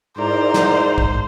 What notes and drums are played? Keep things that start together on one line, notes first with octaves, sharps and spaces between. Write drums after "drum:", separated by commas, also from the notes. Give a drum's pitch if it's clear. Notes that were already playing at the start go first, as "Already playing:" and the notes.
G#2 E4 A#4 C5 D5 A#5
drum: snare
drum: kick